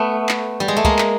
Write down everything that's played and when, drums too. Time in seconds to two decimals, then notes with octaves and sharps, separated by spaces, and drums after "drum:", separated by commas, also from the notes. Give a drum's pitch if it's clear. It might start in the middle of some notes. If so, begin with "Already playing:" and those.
Already playing: A3 B3
0.29 drum: clap
0.60 G3
0.68 G#3
0.77 A3
0.85 G#3 A#3, drum: kick
0.99 drum: clap